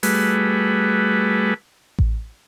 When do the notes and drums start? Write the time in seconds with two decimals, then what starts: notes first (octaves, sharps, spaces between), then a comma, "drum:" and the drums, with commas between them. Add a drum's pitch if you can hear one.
0.03 G3 A3 F#4 G#4 B4, drum: open hi-hat
1.99 drum: kick A1